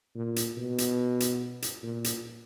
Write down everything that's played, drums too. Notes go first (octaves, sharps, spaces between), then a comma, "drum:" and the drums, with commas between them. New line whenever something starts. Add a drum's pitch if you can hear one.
A#2
drum: hi-hat
B2
drum: hi-hat
drum: hi-hat
drum: hi-hat
A#2
drum: hi-hat